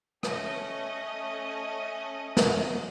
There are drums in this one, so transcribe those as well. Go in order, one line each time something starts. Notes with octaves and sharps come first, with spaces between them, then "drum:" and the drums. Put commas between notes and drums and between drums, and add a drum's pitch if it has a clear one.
A3 C#4 D#5, drum: rim click
drum: snare